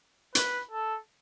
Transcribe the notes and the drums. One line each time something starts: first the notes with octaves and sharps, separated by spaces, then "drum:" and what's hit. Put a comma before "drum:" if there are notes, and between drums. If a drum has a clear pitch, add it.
B4, drum: hi-hat
A4